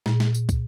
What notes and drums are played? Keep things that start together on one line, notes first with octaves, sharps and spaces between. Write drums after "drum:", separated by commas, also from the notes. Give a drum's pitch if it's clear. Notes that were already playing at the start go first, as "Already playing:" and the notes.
A#2, drum: snare
drum: snare
drum: tambourine
drum: kick, tambourine